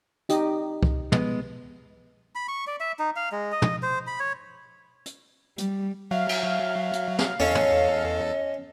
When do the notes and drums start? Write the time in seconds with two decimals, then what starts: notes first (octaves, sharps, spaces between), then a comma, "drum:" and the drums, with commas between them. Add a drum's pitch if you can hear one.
0.29 D#4 G4 D#5, drum: hi-hat
0.83 drum: kick C2
1.12 G#3 B3, drum: tom
2.35 B5
2.48 C#6
2.67 D5
2.80 E5
2.99 D#4
3.16 F5
3.32 G#3
3.52 D#5
3.62 drum: tom
3.83 C5
4.07 B5
4.20 C#5
5.06 drum: hi-hat
5.58 G3, drum: hi-hat
6.11 F#3 E5 F5
6.29 drum: cymbal
6.93 drum: hi-hat
7.19 drum: snare
7.40 E2 C#4 A4 D#5
7.55 drum: tom